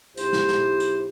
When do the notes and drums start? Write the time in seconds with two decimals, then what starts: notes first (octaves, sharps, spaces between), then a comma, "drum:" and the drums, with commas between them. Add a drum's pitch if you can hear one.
0.17 B1 E4 G4 C5, drum: hi-hat
0.33 drum: snare
0.48 drum: snare
0.80 drum: hi-hat